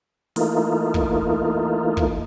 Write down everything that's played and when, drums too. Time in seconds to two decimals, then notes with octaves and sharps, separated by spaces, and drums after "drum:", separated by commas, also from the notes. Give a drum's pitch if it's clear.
0.36 E3 A3 A#3 D#4 F4, drum: open hi-hat
0.94 drum: kick
1.97 drum: kick